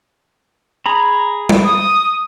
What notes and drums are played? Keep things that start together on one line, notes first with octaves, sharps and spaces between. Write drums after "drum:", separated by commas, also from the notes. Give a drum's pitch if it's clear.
G#4 A#5 B5
drum: tom
D#6